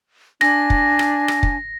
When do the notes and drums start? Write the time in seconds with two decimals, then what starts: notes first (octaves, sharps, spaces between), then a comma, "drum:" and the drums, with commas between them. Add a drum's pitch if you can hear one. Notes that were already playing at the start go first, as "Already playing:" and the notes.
0.41 D4 G#5 A#6, drum: rim click
0.70 drum: kick
0.99 drum: rim click
1.28 drum: rim click
1.43 drum: kick